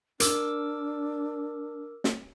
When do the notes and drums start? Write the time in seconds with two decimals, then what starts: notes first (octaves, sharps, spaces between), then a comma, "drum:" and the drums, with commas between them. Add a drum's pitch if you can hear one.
0.20 D4 A#4 D6 E6, drum: hi-hat
2.04 drum: snare